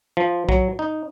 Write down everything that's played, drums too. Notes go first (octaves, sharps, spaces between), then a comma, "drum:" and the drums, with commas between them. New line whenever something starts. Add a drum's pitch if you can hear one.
F3
F#3, drum: kick
D#4